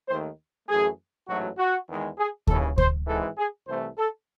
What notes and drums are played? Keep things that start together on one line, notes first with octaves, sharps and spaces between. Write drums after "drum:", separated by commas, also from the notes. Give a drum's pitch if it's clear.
D#2 D#3 A3 C5
F#2 E3 A3 G#4
A1 G#2 F#3 A3 F#4
F#4
E2 D#3 G#3
G#4
D#2 C#3 E3 A4, drum: kick D2
C5, drum: kick D2
G#1 G#2 E3 G#3 A4
G#4
C2 C3 E3 A3 C5
A4